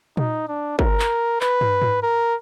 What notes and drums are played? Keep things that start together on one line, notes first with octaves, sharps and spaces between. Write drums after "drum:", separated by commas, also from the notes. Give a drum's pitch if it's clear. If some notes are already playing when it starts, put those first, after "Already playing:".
D#4, drum: tom A#2
D4
A#4, drum: kick
drum: clap
B4, drum: clap
drum: tom
drum: tom G#2
A#4